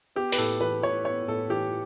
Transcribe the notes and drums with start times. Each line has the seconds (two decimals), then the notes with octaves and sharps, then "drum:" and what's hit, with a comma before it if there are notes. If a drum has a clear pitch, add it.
0.16 B3 G4
0.32 B4, drum: open hi-hat
0.38 A2 A4
0.61 E3 B4
0.83 A2 C#5
1.05 B3 C#5
1.27 A2 A4
1.50 E3 G4